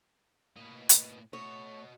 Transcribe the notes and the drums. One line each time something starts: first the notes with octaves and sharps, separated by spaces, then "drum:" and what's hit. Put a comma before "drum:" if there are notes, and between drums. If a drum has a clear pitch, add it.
A2 A#3 B4 D#5
drum: hi-hat
A3 F#4 C#5 D#5